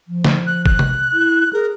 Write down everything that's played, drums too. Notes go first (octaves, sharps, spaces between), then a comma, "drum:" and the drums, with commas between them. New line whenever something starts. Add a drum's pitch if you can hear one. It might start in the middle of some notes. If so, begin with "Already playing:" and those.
F3
drum: snare
F#6
F#6, drum: kick G1
drum: tom C3
E4
G#4 A#4